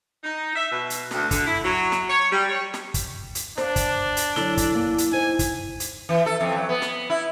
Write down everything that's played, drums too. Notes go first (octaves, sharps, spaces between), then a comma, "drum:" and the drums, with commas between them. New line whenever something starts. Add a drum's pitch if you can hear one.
D#4
E5
B2
drum: hi-hat
D2, drum: snare
D3, drum: kick, hi-hat
E4
F#3
drum: snare
C#5
G3
C#5
drum: snare
drum: kick, hi-hat
drum: hi-hat
D4 C5 F5, drum: snare
drum: kick, hi-hat
drum: hi-hat
D3 F#3 E4, drum: snare
drum: kick, hi-hat
A#3 G#5
drum: hi-hat
D#4 C5 G#5
drum: kick, hi-hat
drum: hi-hat
E3
A4
F2
F#3
B3
drum: snare
E4